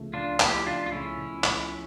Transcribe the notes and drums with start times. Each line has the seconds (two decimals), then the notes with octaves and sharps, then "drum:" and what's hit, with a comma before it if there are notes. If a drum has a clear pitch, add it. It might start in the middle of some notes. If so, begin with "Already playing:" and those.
Already playing: C#2 C#3 F3 A3
0.14 C#2 D4 F4
0.40 C#3 F3 A3 E4 G4, drum: clap
0.66 C#2 D4 F4
0.86 F4
0.92 C#3 F3 A3 C#4 E4
1.18 C#2
1.44 C#3 F3 A3, drum: clap